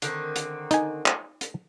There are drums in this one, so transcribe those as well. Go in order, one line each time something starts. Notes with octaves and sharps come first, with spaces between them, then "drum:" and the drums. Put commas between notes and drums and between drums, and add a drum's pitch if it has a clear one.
D3 D#3 C4, drum: hi-hat
drum: hi-hat
D#4 G#5, drum: hi-hat
drum: clap
drum: hi-hat